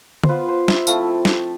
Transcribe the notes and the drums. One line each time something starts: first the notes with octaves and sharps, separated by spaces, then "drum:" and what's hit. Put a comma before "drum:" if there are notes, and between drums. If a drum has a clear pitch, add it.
C5, drum: tom D3
B3 F4 B4
C5
E5, drum: snare
F3 A3 C4 E4 F5, drum: tambourine
drum: snare